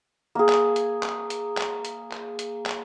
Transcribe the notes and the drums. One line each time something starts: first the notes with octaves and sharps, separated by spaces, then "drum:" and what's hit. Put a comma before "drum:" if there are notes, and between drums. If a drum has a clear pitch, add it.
A#3 G#4
drum: clap
drum: hi-hat
drum: clap
drum: hi-hat
drum: clap
drum: hi-hat
drum: clap
drum: hi-hat
drum: clap